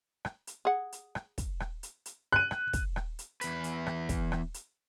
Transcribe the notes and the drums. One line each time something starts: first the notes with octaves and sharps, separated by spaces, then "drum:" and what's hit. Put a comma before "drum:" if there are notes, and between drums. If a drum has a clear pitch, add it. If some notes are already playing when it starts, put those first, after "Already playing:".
drum: rim click
drum: hi-hat
G#4 F#5
drum: hi-hat
drum: rim click
drum: kick, hi-hat
drum: rim click
drum: hi-hat
drum: hi-hat
F#6 D#7
drum: rim click
drum: kick, hi-hat
drum: rim click
drum: hi-hat
E2 B4, drum: hi-hat
drum: hi-hat
drum: rim click
drum: kick, hi-hat
drum: rim click
drum: hi-hat